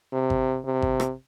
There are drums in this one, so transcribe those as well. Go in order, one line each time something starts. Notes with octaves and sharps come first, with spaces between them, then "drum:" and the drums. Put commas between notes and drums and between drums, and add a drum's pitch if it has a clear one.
C3
drum: kick G#1
C3
drum: kick G#1
drum: rim click